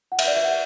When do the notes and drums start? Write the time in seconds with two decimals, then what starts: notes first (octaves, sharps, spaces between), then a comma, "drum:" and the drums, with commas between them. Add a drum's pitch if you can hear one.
0.12 F#5
0.19 E5, drum: cymbal
0.27 D5
0.36 E5
0.44 F#5